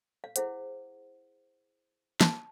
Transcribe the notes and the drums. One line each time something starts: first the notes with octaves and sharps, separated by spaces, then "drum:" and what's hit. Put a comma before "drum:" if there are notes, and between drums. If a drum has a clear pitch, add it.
F5
E4 G#4 C5 F#5, drum: hi-hat
A5, drum: snare